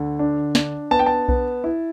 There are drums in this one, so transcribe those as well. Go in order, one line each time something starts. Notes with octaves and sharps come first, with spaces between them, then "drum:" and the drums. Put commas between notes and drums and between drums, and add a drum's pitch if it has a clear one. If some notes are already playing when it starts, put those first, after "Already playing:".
Already playing: D2 D3
D4
D4, drum: snare
B3 A5
G5
A5
B3, drum: kick B1
E4